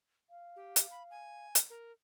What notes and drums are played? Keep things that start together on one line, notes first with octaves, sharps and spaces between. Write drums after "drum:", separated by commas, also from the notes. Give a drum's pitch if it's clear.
F5
G4
drum: hi-hat
B5
G#5
drum: hi-hat
A#4